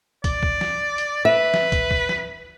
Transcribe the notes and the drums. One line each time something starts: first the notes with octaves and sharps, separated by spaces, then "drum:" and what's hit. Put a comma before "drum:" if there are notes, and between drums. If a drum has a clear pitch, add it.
D5, drum: kick, hi-hat
drum: kick
drum: snare
drum: hi-hat
B4 E5
drum: snare
drum: kick, hi-hat
drum: kick
drum: snare